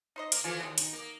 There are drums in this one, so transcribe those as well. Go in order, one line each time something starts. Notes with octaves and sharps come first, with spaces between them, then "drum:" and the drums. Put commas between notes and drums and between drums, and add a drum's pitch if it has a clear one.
D#4 C5 D#5
A#3 A#4, drum: hi-hat
E3 F3 A3 F4 G#5
D#2 B2 G#3
D#4, drum: hi-hat
A#3